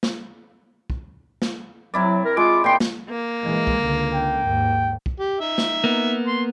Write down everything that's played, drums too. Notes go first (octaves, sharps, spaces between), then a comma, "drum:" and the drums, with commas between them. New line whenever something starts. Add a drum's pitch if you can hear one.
drum: snare
drum: kick
drum: snare
C3 F#3 E4 D5
A#4
G#3 F4 D6
A#2 G5 C6
drum: snare
A#3
E3 G#3
drum: kick
C#2 D3
G5
D#2 G#2
drum: kick
G4
D#4 E5
drum: snare
A#3 B3
C6